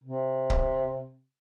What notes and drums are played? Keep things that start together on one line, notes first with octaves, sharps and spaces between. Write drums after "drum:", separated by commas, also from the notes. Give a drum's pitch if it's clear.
C3
drum: kick C#1